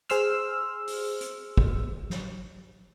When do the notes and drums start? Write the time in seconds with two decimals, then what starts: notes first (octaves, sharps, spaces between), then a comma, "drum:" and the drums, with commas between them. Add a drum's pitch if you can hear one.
0.09 G#4 C5 C6 E6 F6, drum: hi-hat
0.88 drum: open hi-hat
1.21 drum: hi-hat
1.57 drum: kick
2.10 drum: snare